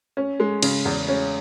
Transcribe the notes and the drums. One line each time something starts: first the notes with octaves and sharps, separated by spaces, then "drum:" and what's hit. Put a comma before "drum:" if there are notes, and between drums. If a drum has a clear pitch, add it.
C#4
G#3
C#3, drum: cymbal
E2
C#4